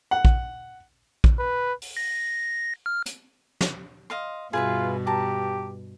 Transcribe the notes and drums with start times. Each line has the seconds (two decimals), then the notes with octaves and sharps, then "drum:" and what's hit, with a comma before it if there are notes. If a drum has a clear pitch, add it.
0.11 F#5
0.25 drum: kick A#1
1.24 drum: kick A#1
1.39 B4
1.82 drum: open hi-hat
1.97 A#6
2.86 F6
3.06 drum: hi-hat
3.61 drum: snare
4.10 D#5 F5 C6
4.53 G2 B2 F4 G#4 B4 E5
5.07 G4 A5 A#5